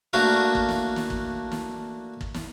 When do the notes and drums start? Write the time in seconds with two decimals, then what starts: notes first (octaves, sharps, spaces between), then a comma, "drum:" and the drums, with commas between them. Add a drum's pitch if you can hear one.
0.13 A3 A#3 D4 F#4 F5
0.55 drum: kick
0.69 drum: snare
0.96 drum: snare
1.10 drum: kick
1.52 drum: snare
2.21 drum: kick
2.34 drum: snare